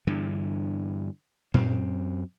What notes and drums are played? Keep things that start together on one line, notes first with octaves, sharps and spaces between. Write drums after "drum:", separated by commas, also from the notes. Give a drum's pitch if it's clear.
G2 D3 E3
F#2 C4, drum: tom A#2